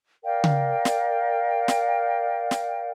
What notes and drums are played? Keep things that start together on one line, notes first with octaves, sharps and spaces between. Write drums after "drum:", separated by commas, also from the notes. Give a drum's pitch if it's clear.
A#4 D5 F5 G5
drum: tom C#3
drum: snare
drum: snare
drum: snare